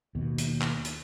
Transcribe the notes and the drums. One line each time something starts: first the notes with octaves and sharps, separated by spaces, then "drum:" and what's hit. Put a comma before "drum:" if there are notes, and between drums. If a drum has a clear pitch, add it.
D#2 B2
drum: hi-hat
drum: clap
drum: hi-hat